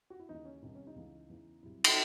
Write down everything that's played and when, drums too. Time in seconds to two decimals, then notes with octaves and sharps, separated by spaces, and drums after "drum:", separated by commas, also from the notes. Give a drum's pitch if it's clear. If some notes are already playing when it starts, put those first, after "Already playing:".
0.10 F#4
0.19 E4
0.29 D#2 C#3 E3 D#4
0.45 C#4
0.62 C2 C3 D#3 D#4
0.75 C#4
0.87 D#4
0.95 C#2 C#3 E3
1.29 E2 C#3 E3
1.63 C2 C3 F#3 E4
1.84 drum: cymbal